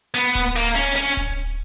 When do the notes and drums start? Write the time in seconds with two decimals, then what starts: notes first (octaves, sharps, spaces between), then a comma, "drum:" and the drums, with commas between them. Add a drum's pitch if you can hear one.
0.15 B3
0.35 drum: kick D1
0.56 A#3
0.76 C#4
0.96 C#4
1.17 drum: kick D1